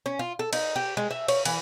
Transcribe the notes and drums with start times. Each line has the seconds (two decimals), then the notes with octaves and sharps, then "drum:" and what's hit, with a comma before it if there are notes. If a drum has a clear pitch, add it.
0.06 C#4
0.19 F4
0.39 A4
0.53 D#4, drum: cymbal
0.76 G4
0.97 G#3
1.11 E5
1.28 C#5, drum: cymbal
1.45 E3, drum: cymbal